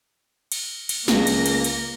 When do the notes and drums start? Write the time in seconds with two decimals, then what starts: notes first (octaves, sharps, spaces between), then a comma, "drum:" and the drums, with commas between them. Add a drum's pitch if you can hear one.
0.52 drum: cymbal
0.89 drum: cymbal
1.08 C#2 A#3 A#6, drum: snare
1.27 drum: cymbal
1.46 drum: cymbal
1.64 drum: cymbal